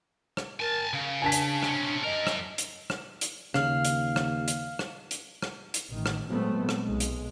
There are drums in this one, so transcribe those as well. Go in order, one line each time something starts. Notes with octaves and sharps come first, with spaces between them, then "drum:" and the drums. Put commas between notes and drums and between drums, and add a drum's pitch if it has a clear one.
drum: rim click
A#4 G#5 A5
C#3 F5
D4 G#5 A5 B6
drum: hi-hat
C3 C#4, drum: rim click
F#2 A#4 D#5
drum: rim click
drum: hi-hat
drum: rim click
drum: hi-hat
D#2 C#3 F5 F6, drum: rim click
drum: hi-hat
drum: rim click
drum: hi-hat
drum: rim click
drum: hi-hat
drum: rim click
drum: hi-hat
A1 D#3
drum: rim click
A#2 F#3 G#3 A3 B3 C4
drum: rim click
B1 G#3
drum: hi-hat